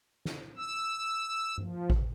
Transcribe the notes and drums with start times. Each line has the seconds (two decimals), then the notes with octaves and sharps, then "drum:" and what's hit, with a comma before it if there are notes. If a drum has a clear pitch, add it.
0.25 drum: snare
0.57 E6
1.58 F3, drum: tom G2
1.90 drum: kick A1